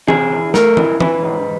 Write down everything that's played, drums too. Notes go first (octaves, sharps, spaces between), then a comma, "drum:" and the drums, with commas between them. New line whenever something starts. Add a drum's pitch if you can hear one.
C3 G#4, drum: tom E3
E2
A3 A#4, drum: snare
E3, drum: tom E3
E3 B4, drum: tom E3
G#2